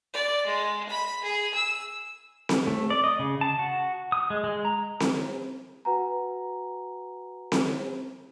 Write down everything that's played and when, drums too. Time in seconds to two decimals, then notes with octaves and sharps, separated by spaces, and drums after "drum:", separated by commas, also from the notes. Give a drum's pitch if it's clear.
0.13 D5
0.46 G#3
0.89 B5
1.23 G#4
1.54 E6
2.49 drum: snare C4
2.67 A3
2.90 D5
3.04 D#5
3.19 C#3
3.41 A5
3.59 F#4
4.12 D#6
4.30 G#3
4.44 G#3
4.65 A#5
5.00 drum: snare C4
5.85 F#4 B4 F#5 G#5 A#5
7.52 drum: snare C4